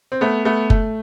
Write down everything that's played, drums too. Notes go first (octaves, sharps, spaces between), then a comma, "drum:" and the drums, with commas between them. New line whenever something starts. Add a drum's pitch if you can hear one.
C4
A3 B3
A3 B3
A3, drum: kick F#1